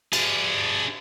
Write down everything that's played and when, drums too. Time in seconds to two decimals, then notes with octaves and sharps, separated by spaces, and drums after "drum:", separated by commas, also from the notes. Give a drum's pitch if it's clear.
0.13 D4 G#4, drum: cymbal